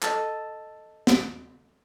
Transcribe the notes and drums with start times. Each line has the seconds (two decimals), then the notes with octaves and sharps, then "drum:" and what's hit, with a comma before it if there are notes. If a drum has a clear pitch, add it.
0.02 A4 D#5, drum: clap
1.07 drum: snare